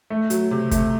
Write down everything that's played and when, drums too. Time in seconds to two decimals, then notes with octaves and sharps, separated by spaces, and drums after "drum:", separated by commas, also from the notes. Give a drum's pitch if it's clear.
0.10 A3
0.30 F#3, drum: hi-hat
0.51 C3
0.71 A3, drum: kick, hi-hat